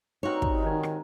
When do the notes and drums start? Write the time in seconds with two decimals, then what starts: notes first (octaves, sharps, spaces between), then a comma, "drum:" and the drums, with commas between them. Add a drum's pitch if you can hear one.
0.23 G2 C4 D#4 F#4 A#4 C#5
0.42 drum: kick
0.63 G#2 D#3 G#5
0.83 drum: rim click